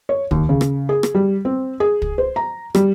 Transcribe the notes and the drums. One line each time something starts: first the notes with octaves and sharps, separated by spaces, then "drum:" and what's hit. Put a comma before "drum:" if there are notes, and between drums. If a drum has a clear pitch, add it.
C#5
D#2, drum: kick
C#3
drum: rim click
G#4
drum: rim click
G3
C4
G#4
drum: kick
C5
A#5
G3, drum: rim click